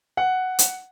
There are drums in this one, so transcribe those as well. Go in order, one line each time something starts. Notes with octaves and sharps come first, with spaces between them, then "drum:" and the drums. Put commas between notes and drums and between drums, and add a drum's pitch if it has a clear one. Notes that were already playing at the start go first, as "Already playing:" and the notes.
F#5
drum: hi-hat